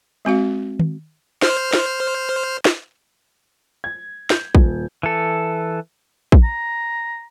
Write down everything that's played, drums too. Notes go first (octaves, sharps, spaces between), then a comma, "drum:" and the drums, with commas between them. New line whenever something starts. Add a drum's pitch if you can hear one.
G#3 C4 F#4 F5
drum: tom D#3
C5 F6, drum: snare
drum: snare
drum: snare
G#6
G6, drum: snare
D#1, drum: kick
E3 A4
drum: kick
A#5